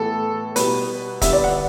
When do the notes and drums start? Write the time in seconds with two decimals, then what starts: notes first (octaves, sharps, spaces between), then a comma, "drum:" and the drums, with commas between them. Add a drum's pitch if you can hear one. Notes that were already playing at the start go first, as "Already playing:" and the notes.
Already playing: A2 E3 B3 A4
0.56 B2 G3 B3 B4, drum: hi-hat
1.22 D3 G3 B3 E5, drum: kick E1, hi-hat
1.33 D5
1.44 F#5